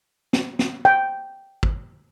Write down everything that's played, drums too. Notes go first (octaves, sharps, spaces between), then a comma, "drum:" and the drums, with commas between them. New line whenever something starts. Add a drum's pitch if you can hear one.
drum: snare
drum: snare
G5
drum: kick